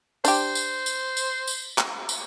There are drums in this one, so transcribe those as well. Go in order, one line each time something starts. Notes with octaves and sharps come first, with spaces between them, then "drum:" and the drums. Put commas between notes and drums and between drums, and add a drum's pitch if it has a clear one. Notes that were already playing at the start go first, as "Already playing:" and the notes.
D4 G4 C5, drum: tambourine
drum: tambourine
drum: tambourine
drum: tambourine
drum: tambourine
drum: clap
drum: tambourine